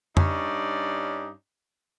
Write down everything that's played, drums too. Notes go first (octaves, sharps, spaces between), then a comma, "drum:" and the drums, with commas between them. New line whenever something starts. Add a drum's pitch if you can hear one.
G2 C#4 D#4 D5, drum: tom